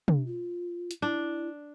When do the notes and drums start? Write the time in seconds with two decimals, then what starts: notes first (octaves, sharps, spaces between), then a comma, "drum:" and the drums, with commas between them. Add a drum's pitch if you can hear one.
0.08 D4, drum: tom
0.26 F4
0.91 drum: hi-hat
1.02 D4 E4